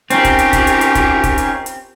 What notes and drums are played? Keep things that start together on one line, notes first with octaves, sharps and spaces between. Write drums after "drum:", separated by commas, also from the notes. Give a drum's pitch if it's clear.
C4 C#4 D#4 F4 G4 A#4, drum: hi-hat
drum: kick, hi-hat
drum: hi-hat
drum: kick, hi-hat
drum: hi-hat
drum: hi-hat
drum: kick, hi-hat
drum: kick, hi-hat
drum: hi-hat
drum: hi-hat